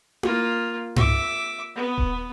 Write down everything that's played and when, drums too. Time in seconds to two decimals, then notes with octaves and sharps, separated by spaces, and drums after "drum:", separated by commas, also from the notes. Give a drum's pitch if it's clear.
0.23 A#3 F4, drum: tom E4
0.96 E5 D6, drum: tom G#2
1.75 B3
1.98 drum: kick D#1